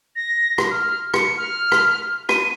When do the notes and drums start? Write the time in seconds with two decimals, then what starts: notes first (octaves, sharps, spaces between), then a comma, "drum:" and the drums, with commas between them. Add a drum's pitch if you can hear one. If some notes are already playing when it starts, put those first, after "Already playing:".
0.16 A#6
0.58 drum: rim click
0.71 F6
1.14 C#7, drum: rim click
1.38 F6
1.72 drum: rim click
2.29 D#7, drum: rim click